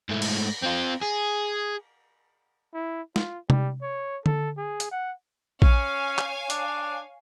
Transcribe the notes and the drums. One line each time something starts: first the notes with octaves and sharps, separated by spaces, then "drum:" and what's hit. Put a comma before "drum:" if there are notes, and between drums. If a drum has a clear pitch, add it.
G#2 A3
drum: cymbal
C4 F4
G#4
E4
F4, drum: snare
G3, drum: tom C3
C#5
A4, drum: tom D3
G#4
drum: hi-hat
F#5
C#4 C#5 F5 G#5, drum: kick A#1
drum: clap
D4, drum: hi-hat